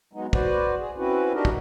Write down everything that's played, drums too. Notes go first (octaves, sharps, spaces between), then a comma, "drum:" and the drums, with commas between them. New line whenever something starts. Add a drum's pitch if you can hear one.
F#3 G#3 B3 D#4
F#4 B4 C5 D5, drum: kick
G#4
C4 C#4 E4 F#4 B4
D4 D#4 F#4 G4 A#4 D#5
drum: kick